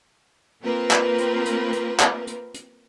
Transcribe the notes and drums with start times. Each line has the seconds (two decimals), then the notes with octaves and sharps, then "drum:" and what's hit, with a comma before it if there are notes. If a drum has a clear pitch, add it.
0.64 A#3 C4 F4 A#4 B4
0.91 drum: clap
1.18 drum: hi-hat
1.45 drum: hi-hat
1.73 drum: hi-hat
2.00 drum: clap
2.27 drum: hi-hat
2.54 drum: hi-hat